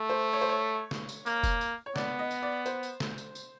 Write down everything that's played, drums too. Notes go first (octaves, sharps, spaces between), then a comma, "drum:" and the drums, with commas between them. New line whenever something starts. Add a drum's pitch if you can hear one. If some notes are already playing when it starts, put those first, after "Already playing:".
Already playing: A3
C5
C#5
C5
C#5
drum: snare
drum: tambourine
A#3, drum: tambourine
drum: kick F1, tambourine
drum: tambourine
C#5
B3 D5, drum: snare
D#5
drum: tambourine
D5
C5, drum: tambourine
drum: tambourine
drum: snare
drum: tambourine
drum: tambourine